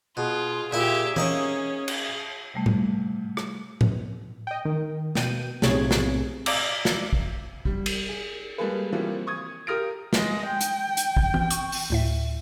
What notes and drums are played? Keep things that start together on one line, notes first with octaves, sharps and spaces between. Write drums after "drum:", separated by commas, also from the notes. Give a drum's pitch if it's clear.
B2 F4 G#4
A#2 E4 G4 E5
A#3 C#4 D#4 C#6, drum: tom
drum: cymbal
C3 G3 A3
drum: tom A2
drum: rim click
drum: tom A2
D#5 G5
D#3
B2 G5 D#7, drum: snare
B1 A2 C3 G#4 C#5 G#6, drum: snare
drum: snare
D5 D#5 F5 A#5 D6 E6, drum: cymbal
drum: snare
drum: kick
G3, drum: kick
drum: cymbal
G#4
G3 G#3 A#3 G#4 A4 B4
E3 F3 G3 A#3 C4 F#4
C#6 D#6 G#6
G4 A#4 D#6 F6 A#6 D7
G#3 D#5, drum: snare
G5
drum: hi-hat
drum: hi-hat
drum: kick
drum: tom
C#6, drum: hi-hat
drum: open hi-hat
D2 A2 E5